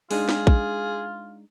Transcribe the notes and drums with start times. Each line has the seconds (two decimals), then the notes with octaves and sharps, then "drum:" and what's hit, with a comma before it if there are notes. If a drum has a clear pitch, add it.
0.11 G#3 D4 D#4 F4 G#4, drum: open hi-hat
0.29 G#4, drum: snare
0.47 drum: kick